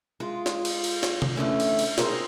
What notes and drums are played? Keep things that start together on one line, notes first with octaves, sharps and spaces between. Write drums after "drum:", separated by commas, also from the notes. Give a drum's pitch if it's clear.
G#3 F4
drum: snare
drum: cymbal
drum: cymbal
drum: snare
drum: tom C3
E2 D3 A3 C#4
drum: cymbal
drum: cymbal
C4 D#4 G#4 A#4 C5, drum: snare